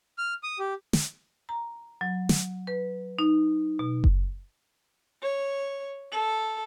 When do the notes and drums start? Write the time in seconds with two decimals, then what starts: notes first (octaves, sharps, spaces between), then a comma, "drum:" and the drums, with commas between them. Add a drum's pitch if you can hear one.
0.18 F6
0.43 D#6
0.59 G4
0.93 drum: snare
1.49 A#5
2.01 F#3
2.29 drum: snare
2.67 B4
3.19 D#4
3.79 B2
4.04 drum: kick F#1
5.21 C#5
6.12 A4